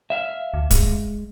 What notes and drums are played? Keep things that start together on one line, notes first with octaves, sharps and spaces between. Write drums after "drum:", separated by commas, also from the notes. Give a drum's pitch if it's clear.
E5 F5
D2
G#3, drum: kick, hi-hat